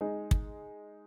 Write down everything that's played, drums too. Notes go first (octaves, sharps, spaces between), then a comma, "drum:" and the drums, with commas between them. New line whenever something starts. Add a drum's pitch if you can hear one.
G#3 D#4 G#4
drum: kick